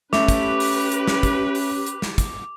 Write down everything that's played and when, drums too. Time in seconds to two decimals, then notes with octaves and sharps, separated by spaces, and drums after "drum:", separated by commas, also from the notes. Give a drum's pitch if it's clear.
0.13 A3 C#4 G4 B4 D6, drum: snare
0.28 drum: kick, hi-hat
0.60 drum: open hi-hat
0.92 drum: hi-hat
1.07 drum: snare
1.23 drum: kick, hi-hat
1.55 drum: open hi-hat
1.86 drum: hi-hat
2.02 drum: snare
2.18 drum: kick, hi-hat